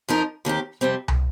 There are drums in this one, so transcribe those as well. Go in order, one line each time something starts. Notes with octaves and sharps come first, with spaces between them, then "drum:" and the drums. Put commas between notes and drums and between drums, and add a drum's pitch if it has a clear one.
F2 F3 D#4 A#4
D#2 D#3 C4 G4
F2 C3 G3 C4
drum: tom C2